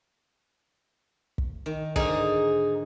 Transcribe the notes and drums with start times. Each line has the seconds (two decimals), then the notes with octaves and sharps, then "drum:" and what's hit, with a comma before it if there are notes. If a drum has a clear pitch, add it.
1.38 drum: kick
1.66 D#3
1.96 G#2 D3 D#4 G#4, drum: kick